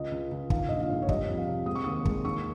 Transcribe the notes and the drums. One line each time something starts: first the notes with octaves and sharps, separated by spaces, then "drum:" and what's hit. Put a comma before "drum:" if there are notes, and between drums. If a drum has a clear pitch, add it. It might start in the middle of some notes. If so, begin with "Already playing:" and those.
Already playing: C#2 D#5
C#2
C#2
D#3 F5, drum: kick
A#1 D#5
F5
G#2
C#5
G3 D#5, drum: kick
F2
F5
C3
G#3 D#6
C#6
D#2 D#6
G#3, drum: kick
D#2 C#6